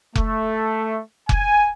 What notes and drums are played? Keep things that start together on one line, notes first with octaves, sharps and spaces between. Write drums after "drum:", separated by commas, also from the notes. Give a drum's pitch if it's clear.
A3, drum: kick F1
G#5, drum: kick F1